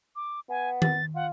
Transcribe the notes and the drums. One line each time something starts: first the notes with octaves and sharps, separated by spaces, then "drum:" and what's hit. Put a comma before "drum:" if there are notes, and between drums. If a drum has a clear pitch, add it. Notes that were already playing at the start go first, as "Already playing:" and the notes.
D6
B3 G#5
A6, drum: tom D#3
F4 F#5